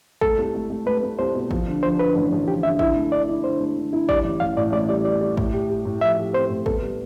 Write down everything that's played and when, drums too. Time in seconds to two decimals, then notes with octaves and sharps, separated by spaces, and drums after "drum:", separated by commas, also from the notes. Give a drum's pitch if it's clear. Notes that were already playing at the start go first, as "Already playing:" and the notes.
0.21 A3 A4, drum: kick
0.38 C2
0.54 A3
0.70 A3
0.86 A3 B4
1.03 A3
1.19 C2 C5
1.35 B2
1.51 F3, drum: kick
1.67 D3
1.83 F3 C5
1.99 D3 B4
2.15 A1
2.32 A1
2.47 F3 G4
2.63 D3 E5
2.79 E4 E5, drum: kick
2.96 A3
3.12 D3 D5
3.28 E4
3.44 D3 C5
3.60 A3
3.77 D3
3.93 E4
4.09 G3 D5, drum: kick
4.24 A1
4.40 A1 F5
4.57 A2 D5
4.72 A1 D5
4.89 G3 D5
5.05 G3 D5
5.21 G3
5.37 A2, drum: kick
5.53 G4
5.69 G4
5.85 A2
6.01 F3 E5
6.18 G4
6.33 C4 C5
6.50 A2
6.66 B3 A4, drum: kick
6.82 G3